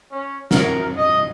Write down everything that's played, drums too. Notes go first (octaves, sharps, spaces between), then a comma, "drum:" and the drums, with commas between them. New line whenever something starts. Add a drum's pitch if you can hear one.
C#4
A#4, drum: snare
D#5